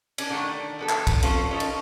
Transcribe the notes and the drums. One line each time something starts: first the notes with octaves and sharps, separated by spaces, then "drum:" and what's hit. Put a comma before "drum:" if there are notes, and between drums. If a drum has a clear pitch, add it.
C#4 D4, drum: cymbal
D3 D#3 A3
F3 B3 A4
drum: clap
drum: kick, cymbal
C4 C#4 F4 A4 C5, drum: cymbal
C#4 D#4 A4
drum: cymbal